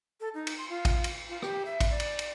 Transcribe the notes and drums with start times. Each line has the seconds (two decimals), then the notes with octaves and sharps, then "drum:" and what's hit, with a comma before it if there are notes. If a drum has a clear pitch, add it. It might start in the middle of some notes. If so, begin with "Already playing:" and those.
0.21 A4
0.34 D#4
0.47 drum: cymbal
0.58 C6
0.70 F4
0.85 drum: kick, cymbal
1.04 drum: cymbal
1.29 F4
1.42 G4, drum: rim click
1.66 E5
1.81 drum: kick, cymbal
1.90 D5
2.00 drum: cymbal
2.19 drum: cymbal